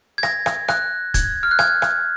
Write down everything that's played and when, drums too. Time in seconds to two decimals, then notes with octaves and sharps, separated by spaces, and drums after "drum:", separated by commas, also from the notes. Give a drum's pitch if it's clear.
0.18 G#6
0.23 A#6, drum: rim click
0.46 drum: rim click
0.68 F#6, drum: rim click
1.14 G#6, drum: kick, hi-hat
1.43 F6
1.51 F#6
1.59 G#6, drum: rim click
1.82 drum: rim click